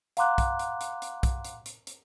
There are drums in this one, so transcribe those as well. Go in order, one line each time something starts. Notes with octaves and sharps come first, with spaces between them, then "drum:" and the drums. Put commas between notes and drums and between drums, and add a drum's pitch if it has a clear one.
F5 F#5 A#5 C6 D6 F#6, drum: hi-hat
drum: kick, hi-hat
drum: hi-hat
drum: hi-hat
drum: hi-hat
drum: kick, hi-hat
drum: hi-hat
drum: hi-hat
drum: hi-hat